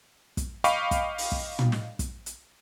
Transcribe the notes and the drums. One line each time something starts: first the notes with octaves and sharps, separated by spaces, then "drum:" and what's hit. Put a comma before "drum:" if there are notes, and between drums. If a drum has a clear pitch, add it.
drum: kick, hi-hat
D#5 F5 G5 B5 C#6 D6, drum: hi-hat
drum: kick, hi-hat
drum: open hi-hat
drum: kick
drum: tom
drum: snare
drum: kick, hi-hat
drum: hi-hat